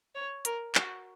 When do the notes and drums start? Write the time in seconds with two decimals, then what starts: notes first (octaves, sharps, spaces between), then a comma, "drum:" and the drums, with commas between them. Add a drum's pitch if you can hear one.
0.15 C#5
0.45 A#4, drum: hi-hat
0.75 F#4, drum: clap